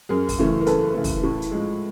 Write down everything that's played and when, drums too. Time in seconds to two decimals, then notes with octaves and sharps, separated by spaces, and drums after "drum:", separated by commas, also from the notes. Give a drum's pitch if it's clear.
0.09 F#2 G#4 A#4
0.29 drum: kick, open hi-hat
0.38 C#3 E3 A3
0.61 A#4
0.66 F#2 A4 B4, drum: hi-hat
0.95 C#3 E3 A3
1.04 drum: kick, open hi-hat
1.23 A2
1.42 drum: hi-hat
1.51 F3 G#3